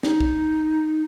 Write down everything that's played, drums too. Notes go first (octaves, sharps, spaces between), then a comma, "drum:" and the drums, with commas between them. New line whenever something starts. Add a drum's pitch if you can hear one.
D#4, drum: snare
drum: kick